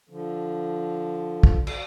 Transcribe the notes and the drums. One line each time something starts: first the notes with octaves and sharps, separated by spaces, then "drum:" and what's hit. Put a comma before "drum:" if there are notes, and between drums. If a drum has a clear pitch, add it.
D3 F3
drum: kick
drum: cymbal